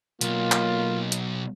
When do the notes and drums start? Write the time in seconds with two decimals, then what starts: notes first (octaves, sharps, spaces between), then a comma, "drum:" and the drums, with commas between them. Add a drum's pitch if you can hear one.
0.21 B1 A#3 F4, drum: hi-hat
0.52 drum: clap
1.12 drum: hi-hat